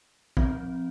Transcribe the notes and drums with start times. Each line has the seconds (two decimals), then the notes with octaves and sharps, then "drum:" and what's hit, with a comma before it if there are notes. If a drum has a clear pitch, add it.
0.37 F3 C4, drum: kick